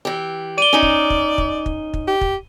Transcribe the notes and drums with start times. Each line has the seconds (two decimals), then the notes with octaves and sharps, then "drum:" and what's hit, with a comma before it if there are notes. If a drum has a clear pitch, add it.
0.05 E3 G4
0.58 D5 D#7 G7
0.73 C#4 D#4 A#5
0.82 drum: kick
1.10 drum: kick
1.38 drum: kick
1.66 drum: kick
1.94 drum: kick
2.07 G4
2.21 drum: kick